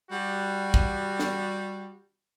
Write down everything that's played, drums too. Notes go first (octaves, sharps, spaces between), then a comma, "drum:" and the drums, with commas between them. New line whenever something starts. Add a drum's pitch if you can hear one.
G3 F#4
drum: kick
drum: snare